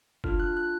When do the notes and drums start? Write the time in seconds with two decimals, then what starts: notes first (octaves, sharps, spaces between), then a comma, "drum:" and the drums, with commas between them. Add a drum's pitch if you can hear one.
0.24 D4 F4 A4 F6, drum: kick
0.40 F#6
0.57 F#6